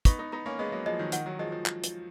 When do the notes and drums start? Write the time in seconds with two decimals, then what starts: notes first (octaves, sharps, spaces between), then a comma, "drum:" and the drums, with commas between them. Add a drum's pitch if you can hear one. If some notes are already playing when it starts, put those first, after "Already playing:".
0.05 B3 D#4 C#6, drum: kick, hi-hat
0.19 B3 D#4
0.32 B3 D#4 A#5
0.46 A#3 C#4
0.59 G#3 B3 D#5
0.72 F#3 A#3
0.86 F3 G#3 D#5
0.99 D#3 F#3
1.12 D#3 F#5, drum: hi-hat
1.26 D#3 F#3
1.39 F3 G#3 D#5
1.52 F3
1.66 drum: clap
1.84 drum: hi-hat